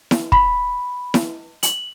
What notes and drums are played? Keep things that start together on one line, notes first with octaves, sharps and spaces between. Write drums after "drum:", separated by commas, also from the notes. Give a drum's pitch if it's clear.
drum: snare E4
B5, drum: kick
drum: snare E4
F#7, drum: hi-hat